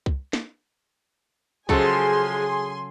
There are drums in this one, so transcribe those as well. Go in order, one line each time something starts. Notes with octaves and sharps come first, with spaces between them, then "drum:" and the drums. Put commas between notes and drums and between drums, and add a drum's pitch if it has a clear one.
drum: kick C2
drum: snare
C#3 F3 F#3 G#3 G#4 A4 G#5 C6, drum: kick C2